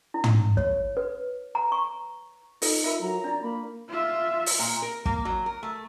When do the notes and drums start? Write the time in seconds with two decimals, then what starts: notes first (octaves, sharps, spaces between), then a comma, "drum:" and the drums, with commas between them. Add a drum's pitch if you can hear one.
0.14 E4
0.24 drum: tom
0.57 C#5, drum: kick
0.97 B4
1.55 A#5
1.72 C#6
2.62 D#4 F4 A4 B4, drum: open hi-hat
2.84 F4 A#4 E5 B5
3.01 F#3 A#5
3.24 D4 E4 D5
3.43 A#3 B5
3.89 F4 E5
4.46 drum: open hi-hat
4.59 A#2
4.82 A#4
5.06 A#3, drum: kick
5.25 F#3
5.46 A#4
5.63 A3